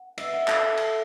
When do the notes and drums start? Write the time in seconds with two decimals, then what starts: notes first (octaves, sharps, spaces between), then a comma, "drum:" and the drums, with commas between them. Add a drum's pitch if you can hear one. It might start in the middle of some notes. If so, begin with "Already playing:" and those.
Already playing: F#5
0.18 E5, drum: cymbal
0.33 F#5
0.48 A4, drum: clap
0.77 drum: cymbal